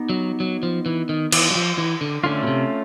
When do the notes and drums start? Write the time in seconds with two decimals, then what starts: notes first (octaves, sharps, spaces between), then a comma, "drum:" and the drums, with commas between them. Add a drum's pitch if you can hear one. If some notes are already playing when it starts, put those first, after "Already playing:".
Already playing: B3 D#4 G4
0.10 F#3
0.40 F#3
0.63 F3
0.86 E3
1.09 D#3
1.32 E3, drum: cymbal
1.51 F#3
1.55 F3
1.78 E3
2.01 D3
2.24 D3 A3 C#4 F4
2.43 B2
2.47 C3